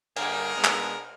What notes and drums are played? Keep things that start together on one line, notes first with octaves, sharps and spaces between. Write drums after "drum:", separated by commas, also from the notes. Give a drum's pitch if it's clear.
G2 D3 G3 A#3 G#4 A#4, drum: cymbal
B2 G#3 B3 D4
drum: clap